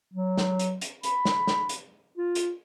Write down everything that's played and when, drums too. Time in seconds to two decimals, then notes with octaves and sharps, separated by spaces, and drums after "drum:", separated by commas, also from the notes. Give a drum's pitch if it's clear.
0.14 F#3
0.37 drum: snare
0.59 drum: hi-hat
0.81 drum: hi-hat
1.03 B5, drum: hi-hat
1.25 drum: snare
1.47 drum: snare
1.69 drum: hi-hat
2.17 F4
2.35 drum: hi-hat